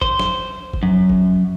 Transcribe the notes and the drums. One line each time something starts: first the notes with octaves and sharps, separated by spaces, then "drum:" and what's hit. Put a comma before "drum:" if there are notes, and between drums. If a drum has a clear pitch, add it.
C5, drum: kick G1
drum: snare
drum: kick G1
F#2
drum: kick G1